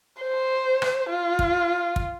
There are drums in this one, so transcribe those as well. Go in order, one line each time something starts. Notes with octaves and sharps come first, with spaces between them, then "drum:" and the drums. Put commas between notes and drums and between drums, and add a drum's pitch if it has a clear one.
C5
drum: rim click
F4
drum: kick
drum: kick